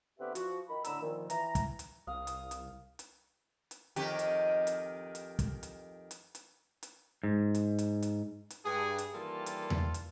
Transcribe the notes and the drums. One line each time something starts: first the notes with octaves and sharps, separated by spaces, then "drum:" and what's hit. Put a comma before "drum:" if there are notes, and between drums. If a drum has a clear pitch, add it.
D3 B3 C4 G4 B4 E5
F3 F#4, drum: hi-hat
D#3 B5
A2 D3 A#5 B5 E6, drum: hi-hat
A#2 D#3 F3
E3 A#5, drum: hi-hat
drum: kick, hi-hat
drum: hi-hat
C2 F5 D#6
drum: hi-hat
drum: hi-hat
drum: hi-hat
drum: hi-hat
F2 D#3 G4, drum: hi-hat
drum: hi-hat
drum: hi-hat
drum: hi-hat
drum: kick, hi-hat
drum: hi-hat
drum: hi-hat
drum: hi-hat
drum: hi-hat
G#2
drum: hi-hat
drum: hi-hat
drum: hi-hat
drum: hi-hat
G2 G#4
drum: hi-hat
D#3 E3 G3 A#3 F4 A4
drum: hi-hat
drum: tom E2
drum: hi-hat